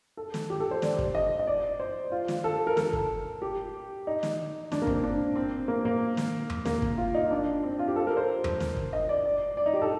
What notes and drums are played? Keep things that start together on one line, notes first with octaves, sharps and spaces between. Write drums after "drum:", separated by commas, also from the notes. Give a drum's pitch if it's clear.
A4
drum: snare
G4
A4
C5
D5, drum: snare
drum: kick
D#5
D#5
D5
C5
F4
drum: snare
A4
A#4
A4, drum: snare
drum: kick
G4
D#4
drum: snare
D4, drum: snare
A#3
C4, drum: kick
D4
C4
A#3
A#3
drum: snare
drum: tom E2
A#3, drum: snare
drum: kick
F4
D#4
D4
C4
F4
G4
A4
A#4
C5
drum: tom E2
drum: snare
drum: kick
D#5
D5
D5
D5
D#4
G4
A4